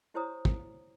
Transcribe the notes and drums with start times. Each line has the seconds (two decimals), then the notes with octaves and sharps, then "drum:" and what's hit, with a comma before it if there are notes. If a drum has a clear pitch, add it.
0.14 E4 G4 C5 C#5 A#5 D#6
0.45 drum: kick